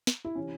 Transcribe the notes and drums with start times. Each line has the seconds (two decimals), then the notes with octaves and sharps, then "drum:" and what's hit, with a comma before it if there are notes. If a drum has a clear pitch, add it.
0.07 drum: snare
0.25 E4
0.35 C3 E3 C#4